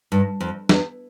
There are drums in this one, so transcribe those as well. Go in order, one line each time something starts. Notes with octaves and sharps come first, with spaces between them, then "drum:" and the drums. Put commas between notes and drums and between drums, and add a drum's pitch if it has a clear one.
G2
F2
E2, drum: snare